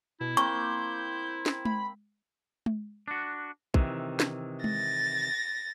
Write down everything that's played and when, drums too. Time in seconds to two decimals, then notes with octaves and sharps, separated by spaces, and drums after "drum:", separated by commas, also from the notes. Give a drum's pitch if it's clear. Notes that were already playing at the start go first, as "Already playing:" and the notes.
0.20 B2 E4
0.37 A#3 C4 C#6 G6, drum: hi-hat
1.46 drum: snare
1.65 B5, drum: tom G#3
2.66 drum: tom G#3
3.08 D4 F#4
3.74 C3 D#3 E3, drum: kick
4.20 drum: snare
4.64 A6 A#6, drum: tom G#3